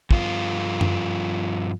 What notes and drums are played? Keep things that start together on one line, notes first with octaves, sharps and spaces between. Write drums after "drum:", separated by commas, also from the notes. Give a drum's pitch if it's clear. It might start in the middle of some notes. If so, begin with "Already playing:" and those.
G2 F3 F4, drum: kick
drum: tom F#2